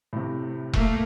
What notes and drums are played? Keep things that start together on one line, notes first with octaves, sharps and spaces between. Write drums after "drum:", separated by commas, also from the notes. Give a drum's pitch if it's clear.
A2 C3
A3 A#3, drum: kick E1